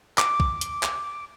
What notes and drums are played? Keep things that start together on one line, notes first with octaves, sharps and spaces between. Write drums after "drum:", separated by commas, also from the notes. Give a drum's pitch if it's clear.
D6, drum: clap
drum: kick
drum: hi-hat
drum: clap